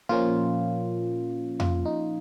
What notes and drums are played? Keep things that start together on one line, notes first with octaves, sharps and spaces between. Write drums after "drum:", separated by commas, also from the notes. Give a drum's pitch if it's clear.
A#2 F3 A#3 C#4 F4
F4, drum: tom F2
D#4